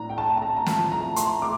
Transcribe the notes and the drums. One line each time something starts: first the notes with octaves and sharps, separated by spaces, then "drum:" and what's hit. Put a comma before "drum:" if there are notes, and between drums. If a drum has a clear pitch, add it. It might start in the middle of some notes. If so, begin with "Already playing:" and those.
Already playing: A2 D4 A#5
G5
A3 A5
A5
A3 A#5
A#5
F3 A5, drum: snare
A3 A#5
A3 C6, drum: hi-hat
A3 D6